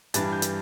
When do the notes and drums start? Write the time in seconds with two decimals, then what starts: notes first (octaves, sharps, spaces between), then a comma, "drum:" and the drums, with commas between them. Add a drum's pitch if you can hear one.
0.14 G2 E3 G3 D4 A6, drum: hi-hat
0.33 G6
0.42 drum: hi-hat